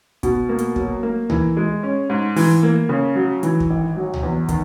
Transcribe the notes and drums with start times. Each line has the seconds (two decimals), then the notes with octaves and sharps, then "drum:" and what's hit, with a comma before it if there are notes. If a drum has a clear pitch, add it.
0.23 B2, drum: kick, hi-hat
0.49 A#3
0.59 drum: hi-hat
0.76 F#3, drum: kick
1.03 A#3
1.30 E3, drum: tom C#2
1.57 G#3
1.83 C#4
2.10 G#2
2.36 E3, drum: open hi-hat
2.63 A#3
2.89 C#3
3.15 F#3
3.43 E3, drum: hi-hat
3.60 drum: kick
3.70 G#1
3.96 F#3
4.14 drum: tom C#2
4.23 E2
4.49 D#3, drum: kick, hi-hat